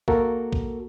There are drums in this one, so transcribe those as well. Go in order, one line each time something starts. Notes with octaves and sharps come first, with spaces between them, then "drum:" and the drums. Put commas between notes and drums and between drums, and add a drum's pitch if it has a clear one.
A#3 F#4 A4 A#4, drum: kick B1
drum: kick B1